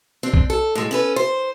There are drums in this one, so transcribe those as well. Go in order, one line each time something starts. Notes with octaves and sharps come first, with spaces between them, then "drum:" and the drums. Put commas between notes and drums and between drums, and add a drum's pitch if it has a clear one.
C4 D4
drum: kick B1
A4
A2 G#3
C#4 A4 B4
C5